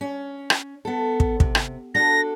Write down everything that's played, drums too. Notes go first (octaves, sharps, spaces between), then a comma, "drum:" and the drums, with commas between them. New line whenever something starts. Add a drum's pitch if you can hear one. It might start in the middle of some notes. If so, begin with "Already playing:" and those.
C#4
drum: rim click
B3 A4
drum: kick
C3, drum: kick
drum: rim click
D4 F#4 A4 A#6